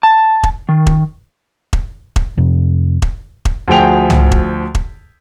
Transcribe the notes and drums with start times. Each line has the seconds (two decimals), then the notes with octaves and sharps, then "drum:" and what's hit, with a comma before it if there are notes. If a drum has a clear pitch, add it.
0.03 A5
0.43 drum: kick E1
0.69 D#3
0.87 drum: kick E1
1.73 drum: kick E1
2.16 drum: kick E1
2.37 F2 C3
3.02 drum: kick E1
3.45 drum: kick E1
3.68 D2 F3 F#4 G#4 G5 F7
4.10 drum: tom
4.31 drum: kick E1
4.75 drum: kick E1